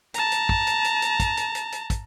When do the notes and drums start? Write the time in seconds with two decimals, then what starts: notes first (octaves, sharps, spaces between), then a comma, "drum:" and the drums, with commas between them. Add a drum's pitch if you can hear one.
0.14 A5 A#5, drum: hi-hat
0.32 drum: hi-hat
0.49 drum: kick
0.67 drum: hi-hat
0.84 drum: hi-hat
1.02 drum: hi-hat
1.20 drum: kick, hi-hat
1.37 drum: hi-hat
1.55 drum: hi-hat
1.72 drum: hi-hat
1.90 drum: kick, hi-hat